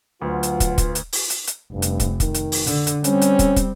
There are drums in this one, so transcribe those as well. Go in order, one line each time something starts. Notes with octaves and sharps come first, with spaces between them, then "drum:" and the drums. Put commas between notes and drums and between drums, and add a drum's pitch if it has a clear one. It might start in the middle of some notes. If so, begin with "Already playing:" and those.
D2 F#3 F4 B4 F#5
drum: hi-hat
drum: kick, hi-hat
drum: kick, hi-hat
drum: hi-hat
drum: open hi-hat
drum: hi-hat
drum: hi-hat
F1 G2
drum: hi-hat
drum: kick, hi-hat
D#3, drum: kick, hi-hat
drum: hi-hat
drum: open hi-hat
D3, drum: hi-hat
drum: hi-hat
G3 C4 C#4, drum: hi-hat
drum: hi-hat
drum: kick, hi-hat
drum: kick, hi-hat